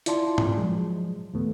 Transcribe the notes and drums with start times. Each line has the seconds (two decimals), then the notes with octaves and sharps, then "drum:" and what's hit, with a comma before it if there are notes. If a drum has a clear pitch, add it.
0.06 E4 F4 D5 A5 C6, drum: hi-hat
0.38 drum: tom G#2
0.57 F3 F#3 G#3
1.33 D#2 A2 A3 B3